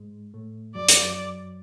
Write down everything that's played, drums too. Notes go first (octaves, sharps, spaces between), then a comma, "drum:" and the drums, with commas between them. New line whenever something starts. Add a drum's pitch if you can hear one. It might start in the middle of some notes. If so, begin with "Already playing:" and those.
Already playing: G#2 G#3
A2 A3
F#2 F#3 D5
F2 F3, drum: hi-hat
F#2 F#3